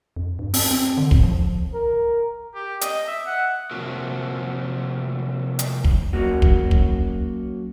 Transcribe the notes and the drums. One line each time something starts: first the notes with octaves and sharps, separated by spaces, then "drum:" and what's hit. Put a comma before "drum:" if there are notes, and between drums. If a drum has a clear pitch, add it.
F2
G2
C4, drum: open hi-hat
C4
D3
A2, drum: kick
F3
A#4
G4
D#5, drum: hi-hat
E5
F#5
C3 F3 F#3 A#3
drum: hi-hat
drum: kick
F#3 A#3 C#4 F#4
drum: kick
drum: kick